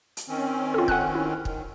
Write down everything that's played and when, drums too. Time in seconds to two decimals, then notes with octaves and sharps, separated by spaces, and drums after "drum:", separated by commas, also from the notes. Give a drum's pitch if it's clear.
0.17 drum: hi-hat
0.28 D#3 C4 C#4
0.74 F4 A4
0.88 F#5 G#5 F#6, drum: kick
1.15 E4
1.45 D#3, drum: kick